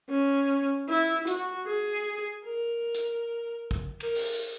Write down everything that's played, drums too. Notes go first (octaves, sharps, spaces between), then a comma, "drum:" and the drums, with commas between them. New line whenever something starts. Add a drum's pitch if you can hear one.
C#4
E4
F#4, drum: hi-hat
G#4
A#4
drum: hi-hat
drum: kick
A#4, drum: cymbal
drum: open hi-hat